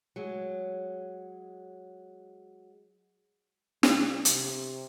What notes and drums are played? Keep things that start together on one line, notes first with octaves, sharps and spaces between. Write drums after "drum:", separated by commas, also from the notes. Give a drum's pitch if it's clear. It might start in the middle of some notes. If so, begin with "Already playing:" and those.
F#3 G#3
C2, drum: snare
C3, drum: hi-hat